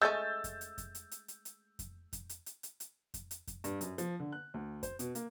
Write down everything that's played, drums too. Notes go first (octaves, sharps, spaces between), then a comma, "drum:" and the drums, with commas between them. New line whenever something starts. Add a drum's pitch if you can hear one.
G#3 A3 C#4 E6 G6 A6
drum: kick F2, hi-hat
drum: hi-hat
drum: kick F2, hi-hat
drum: hi-hat
drum: hi-hat
drum: hi-hat
drum: hi-hat
drum: kick F2, hi-hat
drum: kick F2, hi-hat
drum: hi-hat
drum: hi-hat
drum: hi-hat
drum: hi-hat
drum: kick F2, hi-hat
drum: hi-hat
drum: kick F2, hi-hat
G2, drum: hi-hat
F#2, drum: hi-hat
F3, drum: hi-hat
D3
F#6
D2
C5, drum: kick F2, hi-hat
B2, drum: hi-hat
A#3, drum: hi-hat